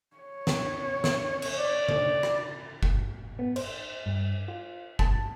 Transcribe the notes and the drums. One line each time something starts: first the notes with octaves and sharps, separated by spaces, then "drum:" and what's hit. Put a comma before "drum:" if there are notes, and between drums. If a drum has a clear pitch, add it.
C#5
drum: snare
drum: snare
drum: cymbal
D5
drum: tom C#3
drum: rim click
drum: kick
B3
C5, drum: cymbal
G2
F4
A5, drum: kick